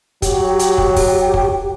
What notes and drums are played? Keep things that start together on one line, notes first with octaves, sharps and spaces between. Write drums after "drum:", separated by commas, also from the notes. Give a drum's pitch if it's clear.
F#3 G4, drum: kick, hi-hat
drum: hi-hat
drum: kick
drum: kick, open hi-hat
drum: kick